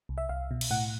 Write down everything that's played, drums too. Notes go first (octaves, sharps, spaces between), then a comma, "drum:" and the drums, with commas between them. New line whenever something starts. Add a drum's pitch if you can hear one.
C2
E5
C2 F5
B2
drum: cymbal
A2 F#5